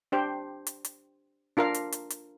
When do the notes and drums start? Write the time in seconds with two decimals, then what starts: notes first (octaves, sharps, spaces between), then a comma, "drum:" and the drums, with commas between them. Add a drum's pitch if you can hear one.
0.12 D4 G4 C5 G5
0.67 drum: hi-hat
0.85 drum: hi-hat
1.57 D4 F4 A#4 F5
1.74 drum: hi-hat
1.92 drum: hi-hat
2.10 drum: hi-hat